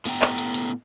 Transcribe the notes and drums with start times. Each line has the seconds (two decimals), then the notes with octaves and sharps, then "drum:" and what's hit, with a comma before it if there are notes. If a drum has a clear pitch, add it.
0.05 A2 B3 F#5 G5 A#5, drum: open hi-hat
0.22 drum: clap
0.38 drum: hi-hat
0.54 drum: hi-hat